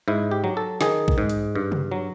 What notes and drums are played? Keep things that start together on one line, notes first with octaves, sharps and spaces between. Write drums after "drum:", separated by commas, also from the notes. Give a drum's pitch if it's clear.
G#2 E4
G4
F#3
A4
D#3 G#4, drum: snare
drum: kick A#1
G#2
drum: hi-hat
G2
drum: tom C3
F#3